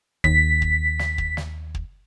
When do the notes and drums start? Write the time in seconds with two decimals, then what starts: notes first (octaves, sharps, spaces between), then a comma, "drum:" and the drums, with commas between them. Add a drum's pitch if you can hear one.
0.24 D#2 B6, drum: kick
0.62 drum: kick
0.99 drum: snare
1.18 drum: kick
1.37 drum: snare
1.75 drum: kick